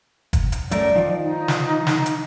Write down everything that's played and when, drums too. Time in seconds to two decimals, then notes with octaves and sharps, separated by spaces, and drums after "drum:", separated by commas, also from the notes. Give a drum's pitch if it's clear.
0.33 drum: kick, hi-hat
0.52 drum: hi-hat
0.71 F#2 A3 A#4 D5, drum: hi-hat
0.95 D#3 F3
1.20 D#4
1.48 drum: snare
1.87 drum: snare
2.06 drum: hi-hat